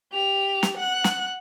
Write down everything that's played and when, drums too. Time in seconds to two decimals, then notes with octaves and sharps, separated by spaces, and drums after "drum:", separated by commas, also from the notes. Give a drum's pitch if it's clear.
0.12 G4 F7
0.63 drum: snare
0.77 F#5 F#6
1.04 drum: snare